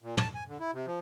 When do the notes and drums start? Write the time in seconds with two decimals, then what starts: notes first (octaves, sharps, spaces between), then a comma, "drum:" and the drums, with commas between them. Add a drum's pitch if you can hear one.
0.02 A#2
0.17 A5, drum: tom
0.35 G#5
0.48 D3
0.60 E4
0.73 C3
0.87 F3